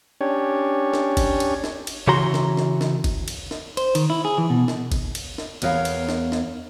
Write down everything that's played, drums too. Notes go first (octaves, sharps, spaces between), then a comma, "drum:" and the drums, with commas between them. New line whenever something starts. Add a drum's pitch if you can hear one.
C#4 D4 G4 C#5
drum: snare
drum: kick G1, cymbal
drum: cymbal
drum: snare
drum: cymbal
C#3 E3 F#4 A#5 C6
drum: snare
drum: snare
drum: snare
drum: kick G1, cymbal
drum: cymbal
drum: snare
C5, drum: cymbal
D#3, drum: cymbal
E4
G#4
E3
B2
drum: snare
drum: kick G1, cymbal
drum: cymbal
drum: snare
E2 B3 A#4 C#5 F5, drum: cymbal
drum: cymbal
drum: snare
drum: snare